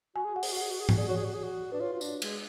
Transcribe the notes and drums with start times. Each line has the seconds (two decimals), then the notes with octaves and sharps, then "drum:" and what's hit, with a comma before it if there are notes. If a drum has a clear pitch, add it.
0.16 F#4 G#5
0.25 G#4
0.34 F#4 F#5
0.43 G#4, drum: open hi-hat
0.52 F#4
0.57 G#4 F#5
0.71 F#4
0.80 G#4
0.89 F#4, drum: tom G#2
0.97 G#4 D5
1.07 F#4 C#5
1.17 G#4
1.21 F#4 D5
1.34 G#4
1.44 F#4
1.72 D4 B4
1.80 F4 C#5
1.93 F4
2.01 D4, drum: tambourine
2.22 G#3, drum: cymbal